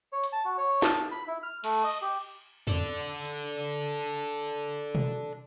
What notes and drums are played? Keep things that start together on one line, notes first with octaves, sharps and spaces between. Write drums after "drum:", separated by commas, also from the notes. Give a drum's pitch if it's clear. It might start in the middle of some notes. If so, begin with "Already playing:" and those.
C#5
drum: hi-hat
A5
F#4
C#5
A5, drum: snare
B5
E4
F6
A3, drum: cymbal
D#5
G4
A4 D5, drum: tom E2
drum: hi-hat
drum: tom B2